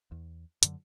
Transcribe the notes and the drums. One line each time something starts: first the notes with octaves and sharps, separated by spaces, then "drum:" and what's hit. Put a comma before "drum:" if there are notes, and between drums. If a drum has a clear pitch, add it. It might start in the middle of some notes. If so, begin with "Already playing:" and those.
E2
F#2 D3 F#3, drum: hi-hat